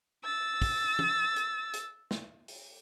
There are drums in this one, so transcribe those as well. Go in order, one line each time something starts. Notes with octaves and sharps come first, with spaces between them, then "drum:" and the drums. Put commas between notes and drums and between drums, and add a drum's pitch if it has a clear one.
E6 A6
drum: kick, open hi-hat
drum: tom
drum: hi-hat
drum: hi-hat
drum: snare
drum: open hi-hat